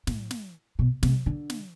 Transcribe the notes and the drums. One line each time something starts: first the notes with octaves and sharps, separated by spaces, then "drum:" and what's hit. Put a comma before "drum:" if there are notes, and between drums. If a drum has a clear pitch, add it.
A2, drum: snare
drum: snare
B2
C3, drum: snare
D3
drum: snare